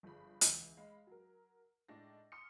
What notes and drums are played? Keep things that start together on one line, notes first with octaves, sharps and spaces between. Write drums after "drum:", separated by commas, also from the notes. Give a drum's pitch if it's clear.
G1 F3 G#4 B5
C#2 E3, drum: hi-hat
G#3 F5 B5
F#3 A#4
A2 G#3 D4 D#4 A#6
C6 D6 D#6 F6 C7 C#7